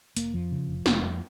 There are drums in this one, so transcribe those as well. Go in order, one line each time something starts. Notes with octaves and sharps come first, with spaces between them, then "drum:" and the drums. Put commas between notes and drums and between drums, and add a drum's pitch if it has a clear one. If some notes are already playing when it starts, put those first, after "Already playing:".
F1 A#3, drum: hi-hat
F2 F3
C#3
F1
F1, drum: snare
F2